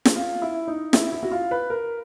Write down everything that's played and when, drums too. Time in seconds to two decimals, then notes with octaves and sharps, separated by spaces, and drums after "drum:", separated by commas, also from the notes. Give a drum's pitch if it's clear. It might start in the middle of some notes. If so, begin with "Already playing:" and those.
0.05 drum: snare
0.16 F4
0.42 E4
0.68 D#4
0.93 E4, drum: snare
1.12 E4
1.23 F#4
1.32 F4
1.51 B4
1.70 A#4